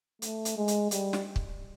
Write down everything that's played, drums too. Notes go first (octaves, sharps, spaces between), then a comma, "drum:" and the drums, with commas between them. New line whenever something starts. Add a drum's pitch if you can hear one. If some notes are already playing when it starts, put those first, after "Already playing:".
A3, drum: hi-hat
drum: hi-hat
G#3
drum: hi-hat
G3, drum: hi-hat
drum: snare
drum: kick